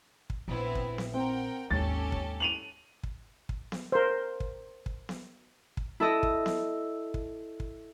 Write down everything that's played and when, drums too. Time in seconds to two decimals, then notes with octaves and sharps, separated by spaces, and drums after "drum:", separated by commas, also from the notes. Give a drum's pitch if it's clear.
0.30 drum: kick
0.48 A#1 B3 C4 E4
0.75 drum: kick
0.98 drum: snare B3
1.14 C4 A#4 F#5 G5
1.71 G#1 D#2 C#4 G4 A4 A6
2.12 drum: kick
2.40 D#7 F7 F#7
3.03 drum: kick
3.49 drum: kick
3.72 drum: snare B3
3.92 A#4 C5
4.40 drum: kick
4.86 drum: kick
5.09 drum: snare B3
5.77 drum: kick
6.00 E4 A4 D#5
6.23 drum: kick
6.46 drum: snare B3
7.14 drum: kick
7.60 drum: kick